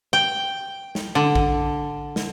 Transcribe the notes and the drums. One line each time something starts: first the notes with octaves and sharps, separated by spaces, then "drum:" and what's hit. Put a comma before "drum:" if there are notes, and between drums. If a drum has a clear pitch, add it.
G5
drum: snare
D3
drum: kick A#1
drum: snare